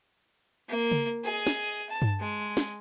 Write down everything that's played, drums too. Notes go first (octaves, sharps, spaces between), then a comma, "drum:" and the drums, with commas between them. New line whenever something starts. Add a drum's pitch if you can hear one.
A#3
drum: tom C#3
G#4 D#5
drum: snare
A5
drum: tom G2
G#3
drum: snare